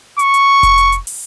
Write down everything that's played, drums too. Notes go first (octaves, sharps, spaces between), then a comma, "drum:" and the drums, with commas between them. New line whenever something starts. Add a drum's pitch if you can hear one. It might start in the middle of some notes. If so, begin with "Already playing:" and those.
C#6, drum: hi-hat
drum: hi-hat
drum: kick F1, hi-hat
drum: hi-hat
drum: hi-hat
drum: open hi-hat